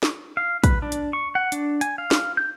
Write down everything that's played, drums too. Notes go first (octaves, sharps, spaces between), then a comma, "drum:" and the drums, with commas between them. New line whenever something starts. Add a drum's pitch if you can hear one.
drum: snare
F5
B4, drum: kick, hi-hat
D4
drum: hi-hat
C#6
F#5
D4, drum: hi-hat
G#5, drum: hi-hat
F5
drum: snare
G6